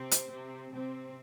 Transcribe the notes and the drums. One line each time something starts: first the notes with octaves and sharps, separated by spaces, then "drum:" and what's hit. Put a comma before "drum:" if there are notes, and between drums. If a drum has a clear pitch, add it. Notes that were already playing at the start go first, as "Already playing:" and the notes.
Already playing: C3 C4
drum: hi-hat
C3 C4
C3 C4